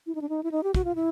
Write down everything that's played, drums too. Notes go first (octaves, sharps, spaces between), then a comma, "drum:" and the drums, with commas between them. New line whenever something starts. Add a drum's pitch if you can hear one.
E4
D#4
D4
D#4
E4
D#4
G4
F#4, drum: kick
F4
E4